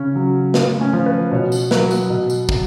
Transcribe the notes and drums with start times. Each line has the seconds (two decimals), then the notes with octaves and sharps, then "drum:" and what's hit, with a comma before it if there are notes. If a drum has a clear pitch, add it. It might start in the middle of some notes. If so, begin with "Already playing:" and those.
Already playing: C#3 C#4
0.16 F#3
0.54 A2 B3, drum: snare
0.81 C#4
0.93 F3
1.06 B4
1.32 B2 C#5
1.52 drum: tambourine
1.71 F#3 B4, drum: snare
1.91 drum: tambourine
2.10 B2
2.30 drum: tambourine
2.49 F#3, drum: kick